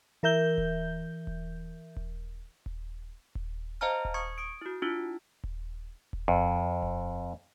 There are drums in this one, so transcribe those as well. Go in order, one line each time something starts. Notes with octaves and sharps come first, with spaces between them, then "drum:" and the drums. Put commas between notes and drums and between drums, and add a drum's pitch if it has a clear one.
E3 A#4 E5 G6 G7
drum: kick D#1
drum: kick D#1
drum: kick D#1
drum: kick D#1
drum: kick D#1
C5 D#5 F5 A5 A#5 F6
drum: kick D#1
C#6 D#6 G#6 C#7
D#6 D7
E4 F#4
D4 E4 F4
drum: kick D#1
drum: kick D#1
F2
drum: kick D#1